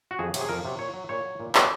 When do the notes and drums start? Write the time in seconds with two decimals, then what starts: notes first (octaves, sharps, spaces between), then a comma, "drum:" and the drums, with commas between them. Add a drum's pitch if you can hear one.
0.11 F#4
0.19 F2 G#4
0.34 C3 F#3, drum: cymbal
0.41 G#4
0.49 F2 A#4
0.65 C3 F#3
0.79 A#2 C#5
0.94 F#3
1.09 A#2 C#5
1.25 F#3
1.40 A#2
1.55 G#3, drum: clap